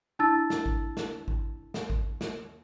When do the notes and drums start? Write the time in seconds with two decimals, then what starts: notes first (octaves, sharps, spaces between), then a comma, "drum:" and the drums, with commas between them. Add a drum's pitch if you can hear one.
0.19 D4 E4 A5 E6 A6
0.50 drum: snare
0.66 drum: kick G#1
0.97 drum: snare
1.28 drum: kick G#1
1.74 drum: snare
1.90 drum: kick G#1
2.21 drum: snare